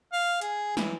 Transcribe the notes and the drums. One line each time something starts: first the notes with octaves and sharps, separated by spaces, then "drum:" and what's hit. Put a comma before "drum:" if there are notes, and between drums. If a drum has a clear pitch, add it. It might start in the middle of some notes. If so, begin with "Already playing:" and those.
F5
G#4, drum: hi-hat
E3, drum: snare